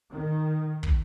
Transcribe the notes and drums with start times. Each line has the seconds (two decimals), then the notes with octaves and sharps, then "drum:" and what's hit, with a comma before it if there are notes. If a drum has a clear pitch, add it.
0.11 D#3
0.83 drum: kick